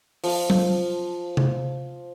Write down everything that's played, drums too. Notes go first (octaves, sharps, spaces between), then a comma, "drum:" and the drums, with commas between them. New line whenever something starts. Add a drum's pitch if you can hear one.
F3 F5, drum: open hi-hat
drum: tom F#3
drum: tom C3